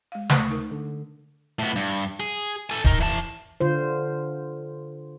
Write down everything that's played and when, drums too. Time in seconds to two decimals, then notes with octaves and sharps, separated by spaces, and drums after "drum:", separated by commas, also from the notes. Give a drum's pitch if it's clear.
0.12 G#3 F5
0.30 D2 A3 B4 C5 C#6 D#6, drum: snare
0.50 D#4 A#4
0.71 D3
1.59 A2 B3
1.76 G2
2.20 G#4
2.70 A4 G#5
2.84 D#3 A#4, drum: kick
3.00 E3 A5
3.61 D3 F4 C5